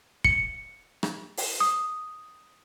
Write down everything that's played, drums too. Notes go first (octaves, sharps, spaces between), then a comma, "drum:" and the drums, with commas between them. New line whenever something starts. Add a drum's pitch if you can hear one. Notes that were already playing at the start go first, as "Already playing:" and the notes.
C#7, drum: kick
drum: rim click
drum: open hi-hat
D#6